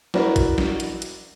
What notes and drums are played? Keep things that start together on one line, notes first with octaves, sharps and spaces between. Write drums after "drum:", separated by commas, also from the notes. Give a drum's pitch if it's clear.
E4 F#4 A#4 B4 D5, drum: snare
drum: kick G#1, hi-hat
drum: snare
drum: hi-hat
drum: hi-hat